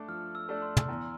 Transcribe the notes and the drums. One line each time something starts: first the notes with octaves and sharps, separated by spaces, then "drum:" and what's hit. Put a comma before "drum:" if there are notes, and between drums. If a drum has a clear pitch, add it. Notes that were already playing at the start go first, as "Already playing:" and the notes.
Already playing: A3 D4 A4 D5
F3 F6
E6
A3 D4 A4 D5
C6
drum: tom
E2 A#5